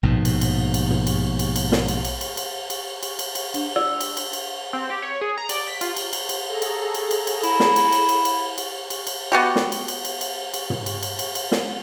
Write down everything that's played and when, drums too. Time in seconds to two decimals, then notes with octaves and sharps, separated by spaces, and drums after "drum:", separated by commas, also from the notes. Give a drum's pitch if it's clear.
0.03 A#1 G#2 B2
0.25 drum: cymbal
0.41 drum: cymbal
0.74 drum: cymbal
0.90 drum: tom
1.07 drum: cymbal
1.39 drum: cymbal
1.56 drum: cymbal
1.72 drum: snare
1.88 drum: cymbal
2.05 drum: cymbal
2.21 drum: cymbal
2.37 drum: cymbal
2.70 drum: cymbal
3.03 drum: cymbal
3.19 drum: cymbal
3.35 drum: cymbal
3.54 D4, drum: cymbal
3.76 D5 E6
4.01 drum: cymbal
4.17 drum: cymbal
4.33 drum: cymbal
4.73 C4
4.90 G4
5.02 C#5
5.21 G#4
5.38 A#5
5.49 D5, drum: cymbal
5.68 B6
5.81 F4, drum: cymbal
5.96 drum: cymbal
6.13 drum: cymbal
6.29 drum: cymbal
6.45 G#4 A4 A#5
6.62 drum: cymbal
6.94 drum: cymbal
7.11 drum: cymbal
7.27 drum: cymbal
7.43 E4, drum: cymbal
7.60 drum: snare
7.76 drum: cymbal
7.92 drum: cymbal
8.09 drum: cymbal
8.25 drum: cymbal
8.58 drum: cymbal
8.90 drum: cymbal
9.07 drum: cymbal
9.32 B3 F#4 G4
9.56 drum: snare
9.72 drum: cymbal
9.88 drum: cymbal
10.05 drum: cymbal
10.21 drum: cymbal
10.54 drum: cymbal
10.70 drum: tom
10.86 drum: cymbal
11.03 drum: cymbal
11.19 drum: cymbal
11.35 drum: cymbal
11.52 drum: snare